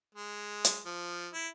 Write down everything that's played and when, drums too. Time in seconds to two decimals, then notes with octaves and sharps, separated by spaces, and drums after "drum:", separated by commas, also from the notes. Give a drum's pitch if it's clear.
0.15 G#3
0.65 drum: hi-hat
0.86 F3
1.34 E4